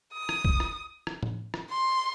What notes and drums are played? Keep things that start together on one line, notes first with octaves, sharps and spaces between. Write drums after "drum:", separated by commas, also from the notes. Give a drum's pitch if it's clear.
D#6
drum: rim click
drum: kick B1
drum: rim click
drum: rim click
drum: tom A2
drum: rim click
C6